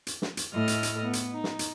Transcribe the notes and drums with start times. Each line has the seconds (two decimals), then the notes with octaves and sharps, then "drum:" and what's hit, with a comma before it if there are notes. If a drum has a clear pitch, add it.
0.07 drum: hi-hat
0.22 drum: snare
0.37 drum: hi-hat
0.52 A2 A3 E4 A4 D#5 F6
0.68 drum: hi-hat
0.83 drum: hi-hat
1.03 B3
1.13 drum: hi-hat
1.32 D#4
1.44 drum: snare
1.59 drum: hi-hat